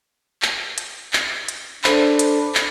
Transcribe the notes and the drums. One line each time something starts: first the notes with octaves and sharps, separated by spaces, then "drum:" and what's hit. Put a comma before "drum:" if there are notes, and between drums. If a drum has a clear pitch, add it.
drum: clap
drum: hi-hat
drum: clap
drum: hi-hat
D4 A4 C5 B5, drum: clap
drum: hi-hat
drum: clap